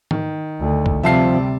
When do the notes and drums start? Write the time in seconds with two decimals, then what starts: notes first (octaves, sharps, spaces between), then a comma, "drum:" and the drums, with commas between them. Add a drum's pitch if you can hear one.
0.11 D#3, drum: tom G#2
0.61 D2
0.86 drum: kick
1.03 C3 F3 G3 C4 E5 F5 A5 C7